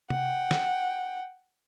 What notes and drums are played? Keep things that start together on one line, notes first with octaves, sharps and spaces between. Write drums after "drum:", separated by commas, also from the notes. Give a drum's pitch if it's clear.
F#5 G5, drum: tom C3
drum: snare